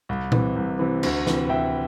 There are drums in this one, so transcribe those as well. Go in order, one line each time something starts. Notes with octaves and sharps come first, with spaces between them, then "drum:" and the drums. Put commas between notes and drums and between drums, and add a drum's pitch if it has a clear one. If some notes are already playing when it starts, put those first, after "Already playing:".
C2
C3 E3, drum: tom A#2
C2
C3 E3
D2, drum: cymbal
C3 E3, drum: snare
D2 E5 G5